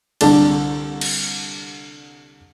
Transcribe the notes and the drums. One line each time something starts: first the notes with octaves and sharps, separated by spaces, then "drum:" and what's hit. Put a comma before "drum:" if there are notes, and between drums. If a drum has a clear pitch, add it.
C2 D3 D4 A5, drum: cymbal
drum: cymbal